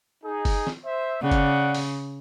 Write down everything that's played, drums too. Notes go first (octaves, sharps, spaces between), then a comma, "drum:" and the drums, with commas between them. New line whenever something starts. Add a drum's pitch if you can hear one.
D#4 G#4
drum: kick F#1, open hi-hat
drum: snare
C5 E5
C#3 D5 F#5
drum: kick F#1, hi-hat
drum: open hi-hat